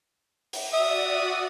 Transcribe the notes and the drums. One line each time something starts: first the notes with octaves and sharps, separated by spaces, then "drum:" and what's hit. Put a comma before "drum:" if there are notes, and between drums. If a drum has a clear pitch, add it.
drum: open hi-hat
F#4 D5 E5 D#6